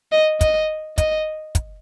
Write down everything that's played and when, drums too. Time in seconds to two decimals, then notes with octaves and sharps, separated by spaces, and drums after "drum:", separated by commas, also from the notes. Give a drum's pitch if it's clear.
0.12 D#5
0.41 D#5, drum: kick, hi-hat
0.98 D#5, drum: kick, hi-hat
1.55 drum: kick, hi-hat